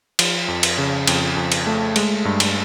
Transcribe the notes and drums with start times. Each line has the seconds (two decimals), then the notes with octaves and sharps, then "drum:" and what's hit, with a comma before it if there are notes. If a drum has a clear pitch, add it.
0.19 F3, drum: cymbal
0.48 F2
0.63 drum: cymbal
0.78 C#3
1.07 F2, drum: cymbal
1.37 F2
1.52 drum: cymbal
1.67 A3
1.96 G#3, drum: cymbal
2.25 G2
2.40 drum: cymbal